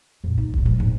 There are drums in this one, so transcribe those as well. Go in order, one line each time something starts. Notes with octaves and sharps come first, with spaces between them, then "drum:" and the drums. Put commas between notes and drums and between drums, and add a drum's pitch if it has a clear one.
F2 A#2
D#4
C#2 A#2, drum: kick E1
F3 G#3
E2 G#2